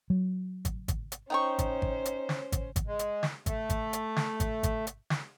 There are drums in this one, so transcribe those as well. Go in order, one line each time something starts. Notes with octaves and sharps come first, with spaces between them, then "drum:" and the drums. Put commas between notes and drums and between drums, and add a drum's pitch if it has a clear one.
F#3
drum: kick G#1, hi-hat
drum: kick G#1, hi-hat
drum: hi-hat
C#4 D#4 C5 G5 C#6
drum: kick G#1, hi-hat
drum: kick G#1
drum: hi-hat
drum: snare
drum: kick G#1, hi-hat
drum: kick G#1, hi-hat
G#3
drum: hi-hat
drum: snare
A3, drum: kick G#1, hi-hat
drum: kick G#1, hi-hat
drum: hi-hat
drum: snare
drum: kick G#1, hi-hat
drum: kick G#1, hi-hat
drum: hi-hat
drum: snare